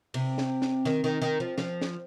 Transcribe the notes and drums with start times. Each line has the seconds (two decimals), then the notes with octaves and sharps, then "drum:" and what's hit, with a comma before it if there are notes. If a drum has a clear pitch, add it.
0.14 C3, drum: cymbal
0.38 drum: snare
0.62 drum: snare
0.85 D#3, drum: snare
1.04 D#3
1.22 D#3
1.40 F3
1.58 F3, drum: snare
1.82 drum: snare